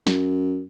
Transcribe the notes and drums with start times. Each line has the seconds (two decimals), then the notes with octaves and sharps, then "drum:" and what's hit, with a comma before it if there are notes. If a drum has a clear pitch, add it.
0.07 F#2, drum: snare